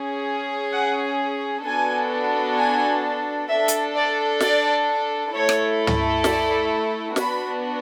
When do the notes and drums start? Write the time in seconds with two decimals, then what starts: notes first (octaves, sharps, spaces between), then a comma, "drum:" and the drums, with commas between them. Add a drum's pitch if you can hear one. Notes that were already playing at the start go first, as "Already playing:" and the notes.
Already playing: C#4 G#4
0.73 F#5
1.64 B3 D4 F#4 A4 G#5
2.56 G#5
3.48 D4 A4 E5
3.68 drum: hi-hat
3.95 D5
4.40 D5, drum: snare
5.32 A3 E4 A4 C#5
5.49 drum: rim click
5.87 drum: tom
6.24 D5, drum: snare
7.16 B3 D4 F#4 B5, drum: snare